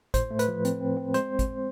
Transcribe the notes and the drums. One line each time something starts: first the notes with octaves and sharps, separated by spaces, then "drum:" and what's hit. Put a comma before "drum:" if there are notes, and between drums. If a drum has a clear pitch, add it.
A2 C5, drum: kick, hi-hat
A3
B4, drum: hi-hat
F3
C4, drum: hi-hat
C4
C4
G#3 C5, drum: hi-hat
drum: kick, hi-hat